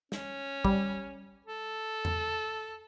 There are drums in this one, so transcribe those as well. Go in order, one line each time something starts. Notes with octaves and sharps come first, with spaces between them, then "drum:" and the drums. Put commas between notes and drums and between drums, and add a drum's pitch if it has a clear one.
C#4, drum: snare
G3, drum: kick
A4
drum: tom E2